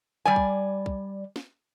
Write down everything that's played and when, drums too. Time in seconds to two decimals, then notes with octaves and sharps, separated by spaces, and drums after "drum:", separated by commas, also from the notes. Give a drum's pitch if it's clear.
0.25 G3 D5 G#5
0.36 drum: kick
0.86 drum: kick
1.36 drum: snare